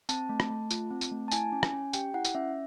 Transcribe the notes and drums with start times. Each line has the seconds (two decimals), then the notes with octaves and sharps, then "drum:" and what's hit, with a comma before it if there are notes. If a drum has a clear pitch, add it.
0.09 C4 A5, drum: tambourine
0.29 A3
0.40 drum: rim click
0.50 A3
0.70 F4, drum: tambourine
0.91 C4
1.01 drum: tambourine
1.12 A3
1.28 A5
1.31 E4 G#5, drum: tambourine
1.52 C#4
1.63 drum: rim click
1.73 C#4
1.93 G4 G5, drum: tambourine
2.14 E4 F#5
2.24 drum: tambourine
2.35 C#4 E5